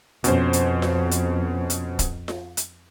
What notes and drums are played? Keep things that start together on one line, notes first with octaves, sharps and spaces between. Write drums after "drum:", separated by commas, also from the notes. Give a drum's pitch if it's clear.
F2 B2 C#4 C5, drum: hi-hat
drum: hi-hat
drum: snare F4
drum: hi-hat
drum: hi-hat
drum: kick, hi-hat
drum: snare F4
drum: hi-hat